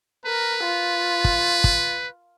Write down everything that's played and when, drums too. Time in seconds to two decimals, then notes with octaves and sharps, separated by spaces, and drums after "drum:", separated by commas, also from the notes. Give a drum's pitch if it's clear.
0.26 A#4 B4
0.64 F4
1.25 drum: kick
1.64 drum: kick